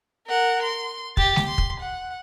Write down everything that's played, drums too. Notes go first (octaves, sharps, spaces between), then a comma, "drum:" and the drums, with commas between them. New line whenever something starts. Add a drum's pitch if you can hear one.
A#4 F#5
C6
G4 A6, drum: kick
drum: snare G#3
C6
drum: kick
F#5